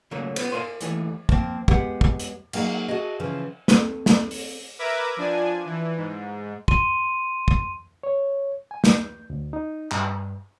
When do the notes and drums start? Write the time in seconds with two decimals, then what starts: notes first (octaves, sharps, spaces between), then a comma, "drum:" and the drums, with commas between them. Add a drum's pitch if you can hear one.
0.11 C#3 F#3 A3 A#3
0.36 B3 C5, drum: cymbal
0.52 A#4 F5 G#5 C6
0.81 D#2 E3 A3, drum: hi-hat
1.29 F3 A#3 C4, drum: kick
1.68 G#3 B3 G4 F#5, drum: kick
2.01 drum: kick
2.20 drum: hi-hat
2.53 F#3 A#3 D#4 G#4, drum: cymbal
2.88 F#4 G#4 A4 D#5
3.20 C#3 E3 F3
3.68 C4 A4, drum: snare
4.06 drum: snare
4.31 drum: open hi-hat
4.79 A#4 B4 E5 A#5 D6 G#6
5.17 F3 D4 G#5
5.66 E3
5.97 G#2
6.68 C6 D#7, drum: kick
7.48 drum: kick
8.03 C#5
8.71 G#5
8.84 G6, drum: snare
9.30 D2
9.53 D#4
9.92 G2, drum: clap